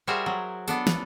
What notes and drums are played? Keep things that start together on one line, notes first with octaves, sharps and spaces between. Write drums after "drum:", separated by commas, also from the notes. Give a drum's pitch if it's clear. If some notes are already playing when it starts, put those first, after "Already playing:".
G3 F#4 G#4 A#4 C5 E5
F#3
B3 D4 A4, drum: tambourine
drum: snare